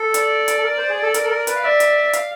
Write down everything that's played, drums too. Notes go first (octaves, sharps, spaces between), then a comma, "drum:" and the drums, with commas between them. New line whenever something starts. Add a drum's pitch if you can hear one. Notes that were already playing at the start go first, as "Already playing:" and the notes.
Already playing: A4
D5, drum: hi-hat
drum: hi-hat
A4
A#4
C5
G#4
A4
A#4, drum: hi-hat
A4
A#4
B4, drum: hi-hat
F5
D5 E5
drum: hi-hat
F5, drum: hi-hat